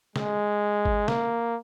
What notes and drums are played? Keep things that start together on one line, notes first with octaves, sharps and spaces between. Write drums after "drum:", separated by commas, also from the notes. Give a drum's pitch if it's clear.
G#3, drum: snare
drum: kick G#1
A#3, drum: snare